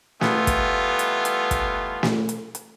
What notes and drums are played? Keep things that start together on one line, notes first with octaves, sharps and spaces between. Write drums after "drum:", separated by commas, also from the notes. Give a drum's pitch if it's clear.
E3 G3 A3 B3 F4, drum: snare
drum: kick, hi-hat
drum: hi-hat
drum: hi-hat
drum: kick, hi-hat
drum: snare
drum: hi-hat
drum: hi-hat